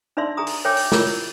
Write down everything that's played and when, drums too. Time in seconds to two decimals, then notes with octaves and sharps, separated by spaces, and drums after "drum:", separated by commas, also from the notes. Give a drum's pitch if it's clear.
0.17 D4 D#4 D5 E5 C6 E6
0.37 G#4 G#5 A#5 D#6
0.47 drum: open hi-hat
0.65 C#5 E5 G5 G#5 D6 E6
0.77 drum: open hi-hat
0.92 E4 F4 G#4 A#4 C#5, drum: snare
1.07 drum: open hi-hat